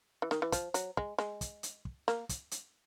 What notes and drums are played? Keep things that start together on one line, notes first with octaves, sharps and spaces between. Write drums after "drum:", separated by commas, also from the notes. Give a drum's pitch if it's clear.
E3
D#3, drum: snare
E3
F3, drum: kick, hi-hat
F#3, drum: hi-hat
G#3, drum: kick
G#3, drum: snare
drum: kick, hi-hat
drum: hi-hat
drum: kick
A#3, drum: snare
drum: kick, hi-hat
drum: hi-hat